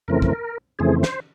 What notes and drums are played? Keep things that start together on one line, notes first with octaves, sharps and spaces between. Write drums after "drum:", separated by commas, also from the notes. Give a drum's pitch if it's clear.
F2 C#3 E3 A3 C4 A#4
drum: kick
F2 C#3 E3 A3 C4 G#4
C5, drum: snare